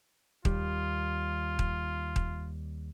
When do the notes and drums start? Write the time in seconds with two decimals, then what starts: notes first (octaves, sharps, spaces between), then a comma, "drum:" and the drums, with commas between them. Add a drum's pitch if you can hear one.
0.45 D#2 G3 F4, drum: kick D#1
1.59 drum: kick D#1
2.16 drum: kick D#1